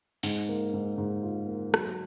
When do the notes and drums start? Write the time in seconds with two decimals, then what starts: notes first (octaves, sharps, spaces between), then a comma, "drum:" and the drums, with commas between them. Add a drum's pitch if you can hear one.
0.23 G#2, drum: open hi-hat
0.49 A#3
0.73 G#2
0.97 G#2
1.23 F4
1.48 A#3
1.74 F#3, drum: rim click